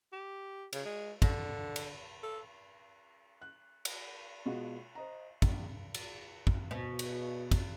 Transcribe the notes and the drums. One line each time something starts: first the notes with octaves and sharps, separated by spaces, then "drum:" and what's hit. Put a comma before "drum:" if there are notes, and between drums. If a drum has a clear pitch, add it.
G4
C#3, drum: cymbal
G#3
D3, drum: kick, cymbal
drum: cymbal
A4
F#6
drum: cymbal
B2 G#3 B3 F4 F#4
C5 D#5 A#5
A#1, drum: kick, cymbal
drum: cymbal
drum: kick
B2
drum: cymbal
drum: kick, cymbal